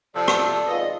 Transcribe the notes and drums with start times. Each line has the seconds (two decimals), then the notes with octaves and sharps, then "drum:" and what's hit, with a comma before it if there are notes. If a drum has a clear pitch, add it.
0.15 C3 F3 A4 D5
0.28 drum: rim click
0.67 G#1 F4 B4 D#5